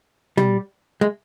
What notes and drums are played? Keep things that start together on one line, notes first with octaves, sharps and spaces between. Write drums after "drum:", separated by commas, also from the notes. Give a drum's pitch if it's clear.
G3, drum: tom
G#3